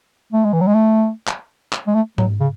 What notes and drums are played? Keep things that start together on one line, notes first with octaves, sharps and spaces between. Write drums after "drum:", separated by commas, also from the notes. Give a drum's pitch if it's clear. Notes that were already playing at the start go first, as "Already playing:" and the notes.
A3
G#3
E3
F#3
G#3
A3
drum: clap
drum: clap
G#3
A3
F#3, drum: tom G#2
C#3